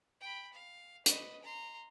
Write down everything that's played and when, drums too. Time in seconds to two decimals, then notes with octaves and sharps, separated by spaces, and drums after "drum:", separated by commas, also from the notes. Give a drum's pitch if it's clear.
0.21 G5 B5
0.53 F5
1.06 B4 D#5, drum: hi-hat
1.43 A#5 C6